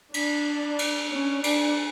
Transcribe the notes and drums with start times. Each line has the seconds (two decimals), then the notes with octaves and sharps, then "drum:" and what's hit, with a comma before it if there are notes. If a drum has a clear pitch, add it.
0.14 D4, drum: cymbal
0.79 drum: cymbal
1.11 C#4
1.44 D4, drum: cymbal